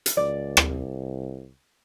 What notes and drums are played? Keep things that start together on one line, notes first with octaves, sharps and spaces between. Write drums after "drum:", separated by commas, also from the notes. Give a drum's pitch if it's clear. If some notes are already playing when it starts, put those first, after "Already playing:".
drum: hi-hat
C#2 D5
drum: rim click
C2